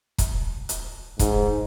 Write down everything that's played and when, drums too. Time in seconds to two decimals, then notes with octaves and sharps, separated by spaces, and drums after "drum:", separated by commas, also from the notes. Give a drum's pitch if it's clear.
0.18 drum: kick E1, hi-hat
0.69 drum: hi-hat
1.19 G#2, drum: kick E1, hi-hat